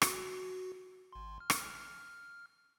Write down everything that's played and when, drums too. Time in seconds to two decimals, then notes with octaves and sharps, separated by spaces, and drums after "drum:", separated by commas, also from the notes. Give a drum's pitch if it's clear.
0.02 F#4, drum: rim click
1.13 G#1 C6
1.40 F6
1.50 drum: rim click